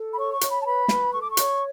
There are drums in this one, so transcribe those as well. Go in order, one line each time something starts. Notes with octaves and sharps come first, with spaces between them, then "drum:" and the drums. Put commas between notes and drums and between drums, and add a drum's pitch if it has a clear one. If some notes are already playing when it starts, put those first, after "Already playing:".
Already playing: A4
B5
C#5 C#6
C#6
C#5, drum: hi-hat
B5
A5
B4 B5
B4, drum: snare
A4 C#6
D6
C#6
C#5, drum: hi-hat